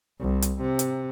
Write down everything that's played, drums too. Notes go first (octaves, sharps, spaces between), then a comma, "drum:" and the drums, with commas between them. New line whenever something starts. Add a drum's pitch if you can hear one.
C2
drum: hi-hat
C3
drum: hi-hat